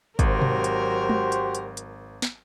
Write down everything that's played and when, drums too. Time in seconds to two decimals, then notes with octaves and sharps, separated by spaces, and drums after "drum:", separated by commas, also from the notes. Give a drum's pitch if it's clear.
0.19 G#1 F#3 F#4 G4 A#4 C5, drum: kick, hi-hat
0.42 drum: tom B2
0.64 drum: hi-hat
1.09 drum: tom
1.32 drum: hi-hat
1.55 drum: hi-hat
1.77 drum: hi-hat
2.22 drum: snare